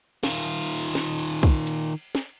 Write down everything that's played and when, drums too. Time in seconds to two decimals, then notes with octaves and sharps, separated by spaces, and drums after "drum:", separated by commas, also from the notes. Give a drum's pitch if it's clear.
0.23 D#3 F4, drum: snare
0.95 drum: snare
1.19 drum: cymbal
1.43 drum: kick
1.67 drum: cymbal
2.15 drum: snare